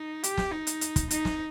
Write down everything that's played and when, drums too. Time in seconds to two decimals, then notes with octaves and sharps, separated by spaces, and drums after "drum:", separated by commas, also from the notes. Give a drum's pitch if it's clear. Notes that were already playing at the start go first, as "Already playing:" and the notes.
Already playing: D#4
0.24 G4, drum: hi-hat
0.38 drum: snare
0.52 D#4
0.67 drum: hi-hat
0.81 drum: hi-hat
0.96 drum: kick, hi-hat
1.11 D#4, drum: hi-hat
1.25 drum: snare